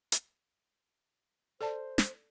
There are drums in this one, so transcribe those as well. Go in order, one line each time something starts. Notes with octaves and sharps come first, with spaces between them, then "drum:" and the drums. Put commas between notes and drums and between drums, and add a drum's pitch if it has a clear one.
drum: hi-hat
A4 C5 D5 A5
drum: snare